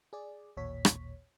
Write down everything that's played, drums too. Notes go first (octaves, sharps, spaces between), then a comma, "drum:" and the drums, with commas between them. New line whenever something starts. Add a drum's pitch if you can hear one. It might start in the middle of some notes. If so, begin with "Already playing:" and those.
G#4 D5
A1 D#2 A#2 C#5 B6
drum: rim click